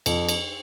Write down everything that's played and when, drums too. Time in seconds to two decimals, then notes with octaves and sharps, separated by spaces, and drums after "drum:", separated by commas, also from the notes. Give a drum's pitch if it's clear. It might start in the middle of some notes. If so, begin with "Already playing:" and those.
0.06 F2, drum: cymbal
0.29 drum: cymbal